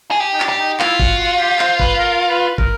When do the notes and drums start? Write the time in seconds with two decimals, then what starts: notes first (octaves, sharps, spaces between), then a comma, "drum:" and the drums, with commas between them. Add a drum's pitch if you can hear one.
0.11 G#4
0.20 G4
0.33 D#4
0.40 D4, drum: clap
0.49 G4
0.59 D#4
0.80 E4 F4, drum: clap
1.00 F#4, drum: kick
1.19 F#4
1.39 G4
1.59 C5, drum: clap
1.80 B4, drum: kick
1.99 A#4
2.29 B4
2.58 A#4, drum: kick